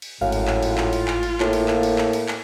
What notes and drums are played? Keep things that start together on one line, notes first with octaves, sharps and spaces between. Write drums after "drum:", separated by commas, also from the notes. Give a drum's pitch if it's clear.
drum: cymbal
G#1 F#2 A2 F5
drum: cymbal
drum: clap
F4, drum: cymbal
drum: clap
drum: cymbal
drum: clap
drum: cymbal
A2 A#3, drum: clap
drum: cymbal
drum: clap
drum: cymbal
drum: clap
drum: cymbal
drum: clap